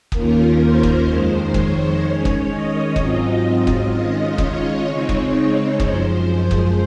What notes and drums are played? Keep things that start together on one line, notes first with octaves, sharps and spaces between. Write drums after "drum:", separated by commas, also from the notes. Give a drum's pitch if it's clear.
D#2 D#3 A#3 C#4 F4 A#4, drum: kick
C5
drum: kick
F2 D#3 G#3 C5
C#5, drum: kick
D#3 G#3 C#4 C#5
drum: kick
D#5
G#2 F#3 C4 F4, drum: kick
D#5
drum: kick
D#3 G#3 C#4 F4 D#5
C#5, drum: kick
C#3 G#3 C4 D#4
drum: kick
F#2 F3 G#3 C5, drum: kick
C5
drum: kick